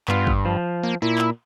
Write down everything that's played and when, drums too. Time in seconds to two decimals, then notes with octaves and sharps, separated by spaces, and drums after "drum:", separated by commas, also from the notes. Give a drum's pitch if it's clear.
0.08 G2 B3 F4, drum: clap
0.27 drum: kick
0.45 F3
0.83 A#3
1.02 A#2 E4
1.18 drum: clap